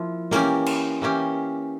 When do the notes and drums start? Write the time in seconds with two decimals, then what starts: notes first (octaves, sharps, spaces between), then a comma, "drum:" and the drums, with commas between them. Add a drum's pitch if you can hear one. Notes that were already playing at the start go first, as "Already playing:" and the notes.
Already playing: F3 A#3 E4
0.31 E3 A#3 C#4 G4, drum: snare
0.66 drum: cymbal
1.02 E3 A#3 C#4 G4